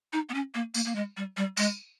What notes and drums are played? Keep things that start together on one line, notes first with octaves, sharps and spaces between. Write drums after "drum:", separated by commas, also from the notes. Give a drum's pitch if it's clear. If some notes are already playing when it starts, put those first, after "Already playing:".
D#4
B3
C#4
A#3
A#3, drum: tambourine
A#3
G#3
G3
G3
G#3, drum: tambourine